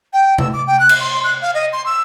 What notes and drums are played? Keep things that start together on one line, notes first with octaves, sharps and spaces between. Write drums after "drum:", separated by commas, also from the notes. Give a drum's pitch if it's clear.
G5
E6, drum: tom C3
D6
G5
F#6
drum: cymbal
C6
F#6
F5
D#5
C6
E6